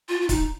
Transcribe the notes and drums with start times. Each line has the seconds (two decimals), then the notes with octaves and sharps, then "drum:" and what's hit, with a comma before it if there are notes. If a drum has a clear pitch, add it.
0.09 F4
0.22 F4
0.29 D#4, drum: kick C#1, hi-hat